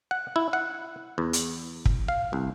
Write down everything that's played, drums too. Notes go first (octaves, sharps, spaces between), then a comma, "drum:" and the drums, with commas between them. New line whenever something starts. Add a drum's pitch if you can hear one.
F#5
E4
F#5
E2
drum: hi-hat
drum: kick
F5
C2